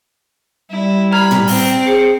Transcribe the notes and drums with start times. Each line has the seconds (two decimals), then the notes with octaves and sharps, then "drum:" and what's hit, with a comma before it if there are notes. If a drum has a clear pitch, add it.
0.70 G3 E4
1.12 A#5 B5 F6 G#6
1.31 drum: tom A2
1.47 C4, drum: open hi-hat
1.86 G#4 C5 C7 C#7